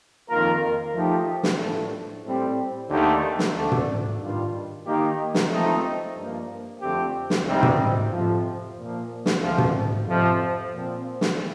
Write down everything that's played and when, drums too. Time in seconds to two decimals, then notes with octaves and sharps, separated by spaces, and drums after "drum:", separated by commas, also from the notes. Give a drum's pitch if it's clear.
0.29 F2 D#3 A#3 F4 A#4
0.94 F3 A3 D#4 G4
1.43 drum: snare
1.59 A2 F3 A3 D4
2.25 A2 G3 C4 G4
2.90 D#2 D3 A3 D#4 G4
3.39 drum: snare
3.55 D2 D3 A3 D4
3.72 drum: tom
4.20 G2 D#3 G3 D4 F4
4.86 D#3 A#3 D#4 G4
5.35 drum: snare
5.51 F3 A3 C4 D#4
6.16 G2 F3 A#3
6.81 F2 D3 A3 C4 G4
7.30 drum: snare
7.46 C2 C3 G3 C4 D#4
7.63 drum: tom
8.11 F2 C3 F3
8.77 A#2 F3 A#3
9.26 drum: snare
9.42 D2 C3 F3
9.58 drum: tom
10.07 F2 C3 F3
10.72 A#2 F3 C4
11.21 drum: snare